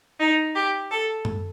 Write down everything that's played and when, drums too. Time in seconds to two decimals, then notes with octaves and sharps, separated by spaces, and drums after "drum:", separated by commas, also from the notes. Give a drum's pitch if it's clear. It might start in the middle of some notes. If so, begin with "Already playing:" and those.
0.20 D#4
0.55 G4
0.91 A4
1.25 drum: tom F#2